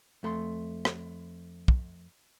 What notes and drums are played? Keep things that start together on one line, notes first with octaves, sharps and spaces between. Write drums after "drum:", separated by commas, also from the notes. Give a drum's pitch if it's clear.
F2 A3 B5 C6
drum: rim click
drum: kick